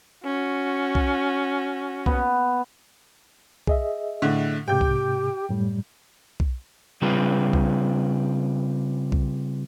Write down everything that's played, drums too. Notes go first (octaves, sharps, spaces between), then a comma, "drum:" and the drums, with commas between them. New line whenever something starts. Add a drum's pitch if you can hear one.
C#4 F#4
drum: kick B1
B3, drum: kick B1
G#4 D#5 E5, drum: kick B1
A2 D3
G#2 C3 G4 G5 G6
drum: kick B1
F#2 A2 G3
drum: kick B1
C#3 G3 C4 F4 G#4 B4
drum: kick B1
drum: kick B1